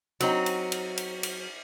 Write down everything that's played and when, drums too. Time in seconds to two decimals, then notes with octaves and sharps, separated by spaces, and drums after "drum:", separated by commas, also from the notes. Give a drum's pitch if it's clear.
0.20 F#3 C4 D#4, drum: cymbal
0.46 drum: cymbal
0.72 drum: cymbal
0.97 drum: cymbal
1.23 drum: cymbal